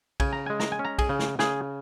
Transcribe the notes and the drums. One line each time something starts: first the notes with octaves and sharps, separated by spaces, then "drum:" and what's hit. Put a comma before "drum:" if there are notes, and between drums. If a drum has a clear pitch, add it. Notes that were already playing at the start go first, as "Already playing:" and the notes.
C#3 G#5, drum: kick B1, cymbal
A#5
G#3 G#5
A#5, drum: snare
G#5
C#4
A#5
G#4 G#5, drum: kick B1, cymbal
C#3
drum: snare
C#3 G#4 G#5, drum: snare